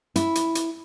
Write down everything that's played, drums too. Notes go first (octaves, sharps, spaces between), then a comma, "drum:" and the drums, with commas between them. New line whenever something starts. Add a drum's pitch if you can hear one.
E4, drum: hi-hat
drum: hi-hat
drum: hi-hat